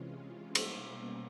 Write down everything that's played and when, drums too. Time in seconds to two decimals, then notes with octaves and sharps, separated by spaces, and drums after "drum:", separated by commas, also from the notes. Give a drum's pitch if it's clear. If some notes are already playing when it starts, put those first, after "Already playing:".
Already playing: C3 E3 G#3 C#4 F4
0.55 B2 G3 A#3 C#4, drum: cymbal